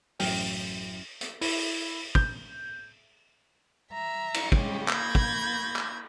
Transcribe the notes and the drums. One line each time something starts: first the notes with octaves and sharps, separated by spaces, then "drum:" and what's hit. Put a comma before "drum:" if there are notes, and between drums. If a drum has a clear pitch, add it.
A1 F#2 G5 F6, drum: open hi-hat
drum: hi-hat
E4, drum: open hi-hat
G6, drum: kick
E5 A#5
drum: cymbal
C#3 G3 G#3 G4, drum: kick
A#3 B5 G6 G#6 A#6, drum: clap
drum: kick
drum: clap